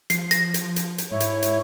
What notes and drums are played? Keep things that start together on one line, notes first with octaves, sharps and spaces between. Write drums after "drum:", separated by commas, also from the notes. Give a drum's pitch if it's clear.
F3 C7, drum: hi-hat
A#6, drum: hi-hat
drum: hi-hat
drum: hi-hat
drum: hi-hat
G#2 E4 C#5
drum: hi-hat
drum: hi-hat